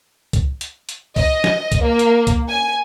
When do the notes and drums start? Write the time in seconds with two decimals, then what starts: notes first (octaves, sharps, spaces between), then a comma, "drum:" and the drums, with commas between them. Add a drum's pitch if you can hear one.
0.33 drum: kick, hi-hat
0.61 drum: hi-hat
0.89 drum: hi-hat
1.16 D#5, drum: kick, open hi-hat
1.44 drum: snare
1.72 drum: kick, hi-hat
1.82 A#3
1.99 drum: hi-hat
2.27 drum: kick, hi-hat
2.48 G#5